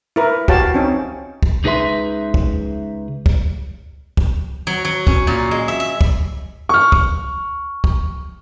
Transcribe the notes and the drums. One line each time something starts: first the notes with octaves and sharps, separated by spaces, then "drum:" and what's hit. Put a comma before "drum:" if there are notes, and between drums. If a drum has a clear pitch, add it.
E4 A#4 B4
F#4 G4 C#5 F5 A5, drum: kick
C4 C#4 D#4
drum: kick
C#2 D#4 G#4 B4 E5 C6
drum: kick
drum: kick
drum: kick
F#3
F#3
C#4, drum: kick
A#2
G#3
E5
E5
drum: kick
C#6 F6
drum: kick
drum: kick